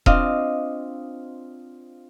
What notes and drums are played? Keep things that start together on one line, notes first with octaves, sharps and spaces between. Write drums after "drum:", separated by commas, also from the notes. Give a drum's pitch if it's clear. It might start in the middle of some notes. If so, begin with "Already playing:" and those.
C4 D4 F4 D#5 F5, drum: kick E1